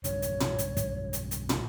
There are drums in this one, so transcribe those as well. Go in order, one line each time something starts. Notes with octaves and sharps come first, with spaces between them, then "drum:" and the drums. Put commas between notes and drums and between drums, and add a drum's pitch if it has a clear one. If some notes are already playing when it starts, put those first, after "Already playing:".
B1 G2 C#3 C#5, drum: hi-hat
drum: hi-hat
drum: tom
drum: hi-hat
drum: kick, hi-hat
drum: hi-hat
drum: hi-hat
drum: tom